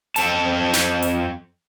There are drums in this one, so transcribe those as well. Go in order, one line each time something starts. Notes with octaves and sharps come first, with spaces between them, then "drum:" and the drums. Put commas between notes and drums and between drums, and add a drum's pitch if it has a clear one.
F2 C4 A4 A5, drum: hi-hat
drum: snare
drum: hi-hat